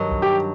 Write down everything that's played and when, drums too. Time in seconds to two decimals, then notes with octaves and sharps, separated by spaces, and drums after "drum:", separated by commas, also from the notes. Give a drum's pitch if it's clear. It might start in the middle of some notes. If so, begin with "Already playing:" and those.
Already playing: G2 D#3 F#3
0.12 drum: kick
0.22 G4